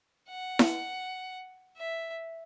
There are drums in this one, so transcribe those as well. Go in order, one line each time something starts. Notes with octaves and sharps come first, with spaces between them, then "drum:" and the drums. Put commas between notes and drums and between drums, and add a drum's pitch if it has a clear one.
F#5
drum: snare E4
E5